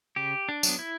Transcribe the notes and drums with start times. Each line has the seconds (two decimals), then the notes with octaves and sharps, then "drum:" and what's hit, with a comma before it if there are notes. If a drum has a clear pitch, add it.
0.16 C#3 G4
0.49 D4
0.63 F#3, drum: tambourine
0.69 B3
0.79 E4